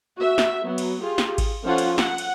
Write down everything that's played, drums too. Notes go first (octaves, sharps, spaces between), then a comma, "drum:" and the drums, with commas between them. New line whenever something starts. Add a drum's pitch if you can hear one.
F#4 E5
drum: snare
F#3 B3
drum: cymbal
F4 G4 G#4
drum: snare
drum: kick G#1, cymbal
F3 C#4 F4 A4 F#5
drum: cymbal
F#5, drum: snare
drum: cymbal